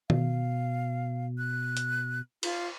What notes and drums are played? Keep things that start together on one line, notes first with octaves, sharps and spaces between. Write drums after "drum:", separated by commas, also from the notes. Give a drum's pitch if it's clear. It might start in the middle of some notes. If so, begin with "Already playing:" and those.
B2 F5, drum: tom D#3
F#6
drum: hi-hat
F4, drum: cymbal